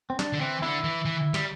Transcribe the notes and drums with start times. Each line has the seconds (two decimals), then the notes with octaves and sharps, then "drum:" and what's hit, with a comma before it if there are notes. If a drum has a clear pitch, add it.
0.10 C4
0.19 D4, drum: snare
0.33 D3
0.41 E3 C4
0.62 D3 E4
0.84 E3
1.05 E3
1.34 G3, drum: snare